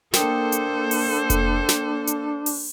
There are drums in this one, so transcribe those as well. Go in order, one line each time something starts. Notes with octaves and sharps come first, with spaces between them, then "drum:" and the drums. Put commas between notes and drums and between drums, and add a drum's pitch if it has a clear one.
A#3 D4 A4 A#4 C5 G5 D#6, drum: snare
drum: hi-hat
drum: open hi-hat
drum: kick F1, hi-hat
drum: snare
drum: hi-hat
drum: open hi-hat